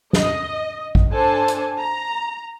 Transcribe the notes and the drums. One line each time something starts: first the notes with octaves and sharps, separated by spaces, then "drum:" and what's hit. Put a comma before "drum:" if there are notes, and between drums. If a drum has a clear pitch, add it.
D#5, drum: snare
drum: kick A1
D4 A4 C5 G#5 A5
drum: hi-hat
A#5